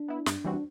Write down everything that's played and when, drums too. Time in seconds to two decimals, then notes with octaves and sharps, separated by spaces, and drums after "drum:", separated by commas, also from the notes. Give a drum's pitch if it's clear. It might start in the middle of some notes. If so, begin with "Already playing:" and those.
Already playing: D4
0.08 B3 E4
0.26 G2, drum: snare
0.45 E3 G3 C4 F#4
0.54 D4